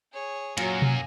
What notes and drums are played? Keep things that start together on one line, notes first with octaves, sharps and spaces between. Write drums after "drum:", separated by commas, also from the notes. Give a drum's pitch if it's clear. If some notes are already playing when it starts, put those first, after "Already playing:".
G#4 C#5
F#2 A#2 F#3 F5 G#5 A#6, drum: hi-hat
drum: tom B2